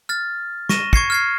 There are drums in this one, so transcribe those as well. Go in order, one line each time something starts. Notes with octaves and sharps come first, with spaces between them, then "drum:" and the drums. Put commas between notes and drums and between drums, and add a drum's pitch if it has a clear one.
F6 A6
C#6 A#6 D#7 E7 G7, drum: snare
C#6 G#6 C7 C#7, drum: kick
F6 G#6 C7